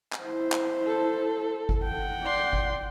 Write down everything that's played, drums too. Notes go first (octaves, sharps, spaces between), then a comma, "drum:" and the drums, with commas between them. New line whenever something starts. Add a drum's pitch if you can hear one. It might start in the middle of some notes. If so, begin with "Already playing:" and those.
drum: clap
E4 C5
drum: clap
A4
drum: kick G1
F#5 G5
D5 C6
drum: kick G1